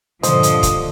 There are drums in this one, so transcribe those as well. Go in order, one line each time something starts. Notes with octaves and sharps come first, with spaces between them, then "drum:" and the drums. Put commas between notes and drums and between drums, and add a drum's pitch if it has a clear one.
G2 A#2 D3 F3 C5 D#5, drum: hi-hat
drum: hi-hat
drum: kick, hi-hat